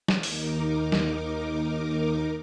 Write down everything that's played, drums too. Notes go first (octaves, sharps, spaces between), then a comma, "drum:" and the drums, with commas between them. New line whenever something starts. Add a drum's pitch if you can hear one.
drum: snare
D#2 D#4 A#4 D6, drum: open hi-hat
drum: snare